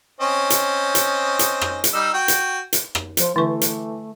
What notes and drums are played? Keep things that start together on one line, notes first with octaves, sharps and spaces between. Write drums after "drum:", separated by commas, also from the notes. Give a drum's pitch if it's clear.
C4 C#4 D#5
drum: hi-hat
drum: hi-hat
drum: hi-hat
drum: rim click
drum: hi-hat
G3 D#4 E6
F#4 G5
drum: hi-hat
drum: hi-hat
drum: rim click
F3, drum: hi-hat
D3 E3 A3 C#6
drum: hi-hat